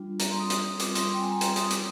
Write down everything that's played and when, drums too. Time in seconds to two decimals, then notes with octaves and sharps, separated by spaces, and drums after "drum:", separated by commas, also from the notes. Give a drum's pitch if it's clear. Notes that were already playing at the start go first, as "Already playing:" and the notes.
Already playing: G3 D4 F4
0.19 A#5, drum: hi-hat
0.30 C6
0.40 D#6
0.50 D#6, drum: hi-hat
0.68 D#6
0.79 G3 C4 F4 D6, drum: hi-hat
0.95 C6, drum: hi-hat
1.13 G5
1.20 G#5
1.31 A#5
1.41 C6, drum: hi-hat
1.56 D#6, drum: hi-hat
1.70 D6, drum: hi-hat